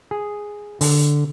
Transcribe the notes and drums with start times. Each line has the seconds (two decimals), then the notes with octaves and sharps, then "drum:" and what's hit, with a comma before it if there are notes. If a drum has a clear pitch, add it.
0.11 G#4
0.81 D3, drum: open hi-hat